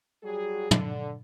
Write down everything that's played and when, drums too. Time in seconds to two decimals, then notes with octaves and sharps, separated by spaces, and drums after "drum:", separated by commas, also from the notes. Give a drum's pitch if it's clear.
0.23 F#3 G3 F#4 G#4
0.71 D3, drum: tom